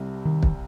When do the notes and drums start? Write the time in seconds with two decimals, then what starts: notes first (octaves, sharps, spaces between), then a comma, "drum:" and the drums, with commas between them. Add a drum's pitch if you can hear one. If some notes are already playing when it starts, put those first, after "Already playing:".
Already playing: C2 C3 G3
0.25 D#3
0.43 drum: kick